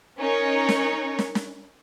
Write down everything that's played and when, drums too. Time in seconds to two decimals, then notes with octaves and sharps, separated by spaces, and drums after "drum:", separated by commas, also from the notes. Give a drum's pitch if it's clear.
0.19 C#4 D#4 A#4 C#5
0.69 drum: snare
1.19 drum: snare
1.35 drum: snare